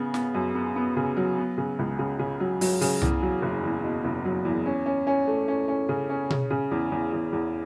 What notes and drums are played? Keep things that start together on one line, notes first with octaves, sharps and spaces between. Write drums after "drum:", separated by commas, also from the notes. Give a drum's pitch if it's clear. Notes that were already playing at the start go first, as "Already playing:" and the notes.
Already playing: C#3 B3
B3, drum: snare
F#2
B3
B3
C#3
F#3
B3
C#3
C#2
C#3
C#3
F#3
F#3, drum: open hi-hat
C#3, drum: open hi-hat
E2, drum: tom C2
F#3
F#1
E2
B2
F#1
F#3
E2
C#4
C#4
C#4
A3
C#4
C#4
C#3
C#4
C#3, drum: tom B2
C#3
E2
E2
E2
E2